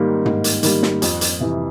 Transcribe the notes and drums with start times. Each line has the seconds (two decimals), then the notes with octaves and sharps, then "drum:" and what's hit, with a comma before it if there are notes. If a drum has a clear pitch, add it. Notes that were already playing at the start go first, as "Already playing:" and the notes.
Already playing: G#2 D#3 G3 A#3
0.26 G#2, drum: tom
0.44 drum: hi-hat
0.63 D#3 G3 A#3, drum: hi-hat
0.83 drum: snare
1.02 F2, drum: hi-hat
1.21 drum: hi-hat
1.40 C3 E3